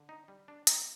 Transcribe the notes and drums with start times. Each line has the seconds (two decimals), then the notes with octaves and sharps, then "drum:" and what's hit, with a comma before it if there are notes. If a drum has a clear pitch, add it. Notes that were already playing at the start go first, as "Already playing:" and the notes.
Already playing: D3
0.09 D#4
0.28 G3
0.48 D4
0.67 A#3 D#4, drum: hi-hat